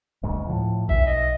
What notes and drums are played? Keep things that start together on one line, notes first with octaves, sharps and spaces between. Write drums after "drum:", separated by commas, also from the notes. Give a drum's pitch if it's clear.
F#1 D2 G#2
A2 F3
B1 E5, drum: kick G#1
D#5